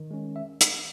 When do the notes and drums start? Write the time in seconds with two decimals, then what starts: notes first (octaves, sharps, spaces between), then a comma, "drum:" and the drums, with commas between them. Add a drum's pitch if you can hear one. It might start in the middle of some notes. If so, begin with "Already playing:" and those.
Already playing: D#3
0.11 G#3 C#4
0.36 E5
0.61 drum: hi-hat